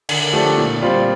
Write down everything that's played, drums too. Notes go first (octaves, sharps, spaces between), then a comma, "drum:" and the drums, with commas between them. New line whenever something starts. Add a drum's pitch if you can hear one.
D3, drum: cymbal
F3 A3 D4 G4
A#2
G3 C4 F4